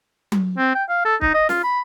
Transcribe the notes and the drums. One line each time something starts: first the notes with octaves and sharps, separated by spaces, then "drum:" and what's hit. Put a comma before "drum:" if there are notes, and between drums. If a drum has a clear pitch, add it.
drum: tom F#3
C4
G5
F5
A4
D#4, drum: kick
D#5
F4, drum: snare
B5